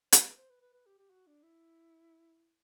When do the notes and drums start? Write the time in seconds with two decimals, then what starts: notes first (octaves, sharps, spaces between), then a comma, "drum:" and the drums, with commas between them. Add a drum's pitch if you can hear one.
0.12 C5, drum: hi-hat
0.25 B4
0.37 C5
0.49 B4
0.61 B4
0.73 B4
0.86 G4
0.98 G4
1.10 F#4
1.27 D4
1.43 E4